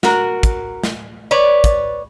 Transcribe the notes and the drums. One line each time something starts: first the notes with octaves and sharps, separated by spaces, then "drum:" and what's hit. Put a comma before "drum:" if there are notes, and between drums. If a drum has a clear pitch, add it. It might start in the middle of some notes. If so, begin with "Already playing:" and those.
F#4 A#4, drum: snare
drum: kick, hi-hat
drum: snare
B4 C#5 D5
drum: kick, hi-hat